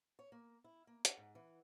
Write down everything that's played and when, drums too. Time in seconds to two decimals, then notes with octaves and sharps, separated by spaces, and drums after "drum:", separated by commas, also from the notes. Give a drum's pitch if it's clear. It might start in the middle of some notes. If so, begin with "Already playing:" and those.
0.19 C#5
0.32 A#3
0.64 E4
0.87 A#3
1.05 F#5, drum: hi-hat
1.18 G#2
1.35 E3